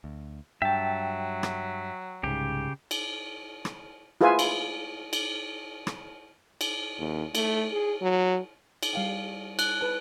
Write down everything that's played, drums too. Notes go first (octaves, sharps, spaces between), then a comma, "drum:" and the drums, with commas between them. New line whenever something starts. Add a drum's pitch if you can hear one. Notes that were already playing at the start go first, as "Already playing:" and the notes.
D2
G2 F#3 E5 G5 A5
drum: rim click
C2 G#2 C#3 G4
drum: cymbal
drum: rim click
E4 F4 G#4 B4 E5 G#5
drum: cymbal
drum: cymbal
drum: rim click
drum: cymbal
D#2
A3, drum: cymbal
G#4
F#3
drum: cymbal
G3 F5 G5
F#6, drum: cymbal
B4 A5